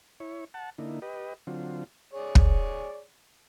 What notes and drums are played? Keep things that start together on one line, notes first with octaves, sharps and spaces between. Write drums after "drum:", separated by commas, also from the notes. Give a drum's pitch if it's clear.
E4 C#5
F#5 A5
D3 A#3 D#4 E4
G4 B4 D#5
D3 F#3 C4 F4
G#4 C#5 D5
drum: kick